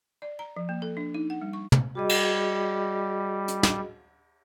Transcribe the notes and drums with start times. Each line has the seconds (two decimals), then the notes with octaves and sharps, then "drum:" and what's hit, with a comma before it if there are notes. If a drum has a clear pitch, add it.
0.22 D5
0.39 A#5
0.57 F3
0.69 A#3
0.82 A4
0.97 D4
1.14 D#4
1.30 F#5
1.42 G3
1.53 C#6
1.72 drum: tom
1.95 G3 F#4 G#4 D#5
2.09 drum: cymbal
3.48 drum: hi-hat
3.63 drum: snare